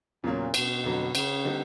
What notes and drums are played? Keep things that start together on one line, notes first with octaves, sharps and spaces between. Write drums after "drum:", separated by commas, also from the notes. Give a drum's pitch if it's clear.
E2 A#2 C#3 F#3 A#3 C#4
B2, drum: cymbal
F2 D3 F#3 B3
C#3, drum: cymbal
D3 G3 C4 D#4